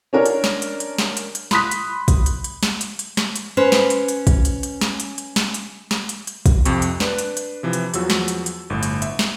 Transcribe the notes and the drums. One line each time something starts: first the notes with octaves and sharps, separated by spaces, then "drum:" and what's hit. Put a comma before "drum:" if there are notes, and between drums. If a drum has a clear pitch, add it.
C#4 D4 A#4 C#5
drum: hi-hat
drum: snare
drum: hi-hat
drum: hi-hat
drum: snare
drum: hi-hat
drum: hi-hat
B5 C6 D#6 F#6 B6, drum: snare
drum: hi-hat
drum: kick, hi-hat
drum: hi-hat
drum: hi-hat
drum: snare
drum: hi-hat
drum: hi-hat
drum: snare
drum: hi-hat
C#4 B4 C5
drum: snare
drum: hi-hat
drum: hi-hat
drum: kick, hi-hat
drum: hi-hat
drum: hi-hat
drum: snare
drum: hi-hat
drum: hi-hat
drum: snare
drum: hi-hat
drum: snare
drum: hi-hat
drum: hi-hat
drum: kick, hi-hat
F2 C3 C#6, drum: hi-hat
drum: hi-hat
D4 B4, drum: snare
drum: hi-hat
drum: hi-hat
C3 E3 F3
drum: hi-hat
E2 F3 F#3 F#4 E6, drum: hi-hat
drum: snare
drum: hi-hat
drum: hi-hat
G1 A2
drum: hi-hat
E5, drum: hi-hat
drum: snare